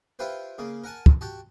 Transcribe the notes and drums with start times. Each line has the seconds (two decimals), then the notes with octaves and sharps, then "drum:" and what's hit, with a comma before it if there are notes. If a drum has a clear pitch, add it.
0.19 E4 F4 G4 B4 C5
0.58 C#3 A#3
0.84 A#4 F#5 G#5 A5
1.06 drum: kick
1.21 F#4 G4 A5